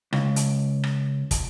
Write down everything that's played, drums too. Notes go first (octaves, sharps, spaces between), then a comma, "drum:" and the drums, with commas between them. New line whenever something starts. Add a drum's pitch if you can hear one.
C#2, drum: rim click
drum: hi-hat
drum: rim click
drum: kick, hi-hat